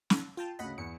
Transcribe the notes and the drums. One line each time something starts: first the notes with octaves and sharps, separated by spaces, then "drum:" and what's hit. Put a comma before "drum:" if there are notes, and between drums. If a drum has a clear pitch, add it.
drum: snare
F4 G5 A5
D2 C#3 D#5 F#5 B5
E2 C#7